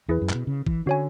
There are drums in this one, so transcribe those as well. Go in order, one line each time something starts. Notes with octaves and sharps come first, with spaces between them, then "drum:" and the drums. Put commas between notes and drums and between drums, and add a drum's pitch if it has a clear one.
E2 E4 G#4 B4
F#2
A2, drum: clap
B2
C#3
E3, drum: kick
D3 C#4 F#4 C#5 G#5